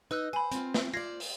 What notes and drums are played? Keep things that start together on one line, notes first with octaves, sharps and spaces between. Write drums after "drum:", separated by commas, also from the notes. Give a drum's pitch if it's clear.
D#4 B4 D#5 E6 F#6
C5 G#5 B5
C4 F4, drum: hi-hat
drum: snare
F4 C5 D5 G#6 A#6 C7
drum: open hi-hat